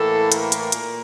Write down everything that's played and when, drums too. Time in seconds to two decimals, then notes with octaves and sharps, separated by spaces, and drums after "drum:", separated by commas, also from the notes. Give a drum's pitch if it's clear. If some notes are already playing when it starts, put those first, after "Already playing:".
Already playing: A2 E3 A#3 A4
0.32 A#4, drum: hi-hat
0.52 drum: hi-hat
0.72 A#2, drum: hi-hat